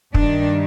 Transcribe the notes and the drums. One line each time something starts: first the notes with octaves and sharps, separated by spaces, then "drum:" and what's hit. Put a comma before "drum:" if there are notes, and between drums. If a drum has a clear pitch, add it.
G2 D#3 G3 D4, drum: kick